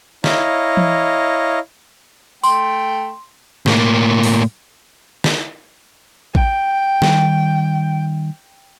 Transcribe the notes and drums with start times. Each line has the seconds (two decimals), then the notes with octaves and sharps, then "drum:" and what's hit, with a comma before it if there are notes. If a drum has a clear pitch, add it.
0.24 E4 C#5 D#5 F5 A#5, drum: snare
0.77 drum: tom E3
2.44 A3 G5 C6, drum: tambourine
3.66 A2 A#3, drum: snare
4.23 drum: open hi-hat
5.24 drum: snare
6.35 G5, drum: kick A1
7.02 D#3 G3, drum: snare